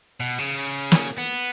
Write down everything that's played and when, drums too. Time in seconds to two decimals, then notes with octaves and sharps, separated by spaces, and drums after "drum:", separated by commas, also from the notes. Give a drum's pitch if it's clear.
0.20 B2
0.39 C#3
0.92 drum: snare
1.18 B3